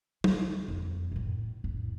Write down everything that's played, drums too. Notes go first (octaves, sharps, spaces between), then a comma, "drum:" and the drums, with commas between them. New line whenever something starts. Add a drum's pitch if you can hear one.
D2, drum: tom
F2 B3
F#2 A2
F2 A2